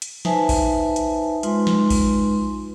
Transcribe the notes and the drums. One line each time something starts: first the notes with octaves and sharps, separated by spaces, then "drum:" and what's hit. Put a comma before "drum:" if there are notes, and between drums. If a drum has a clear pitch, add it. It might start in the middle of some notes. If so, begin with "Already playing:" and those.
drum: hi-hat
D#4 B4 C5 E5 G#5 A5, drum: snare
drum: kick A#1, open hi-hat
drum: hi-hat
G#3 D#4 F4 B4 C6, drum: hi-hat
drum: snare
drum: kick A#1, open hi-hat